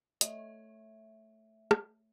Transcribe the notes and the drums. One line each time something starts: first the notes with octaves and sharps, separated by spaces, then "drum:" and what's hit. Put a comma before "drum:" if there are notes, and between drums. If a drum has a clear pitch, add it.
A3 C#5 D#5 E5, drum: hi-hat
drum: rim click